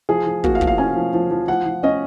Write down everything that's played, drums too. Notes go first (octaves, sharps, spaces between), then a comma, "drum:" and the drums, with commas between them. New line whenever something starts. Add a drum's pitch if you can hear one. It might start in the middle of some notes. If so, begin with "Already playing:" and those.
F3 G#4
F3
A#3 F#4, drum: kick
F5
F3, drum: kick
F5
C#4 G#5
F3
F3
F3
F3 F#5
F3
C#4 D#5